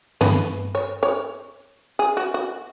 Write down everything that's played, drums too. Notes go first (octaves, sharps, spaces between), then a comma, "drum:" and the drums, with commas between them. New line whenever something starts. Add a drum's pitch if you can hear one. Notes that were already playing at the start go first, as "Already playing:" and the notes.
B4, drum: tom G2
C#5
C#5
G#4
F#4
F#4